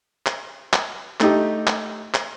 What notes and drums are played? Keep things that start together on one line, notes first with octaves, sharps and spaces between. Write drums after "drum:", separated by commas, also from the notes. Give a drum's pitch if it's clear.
drum: clap
drum: clap
A3 D#4 G4, drum: clap
drum: clap
drum: clap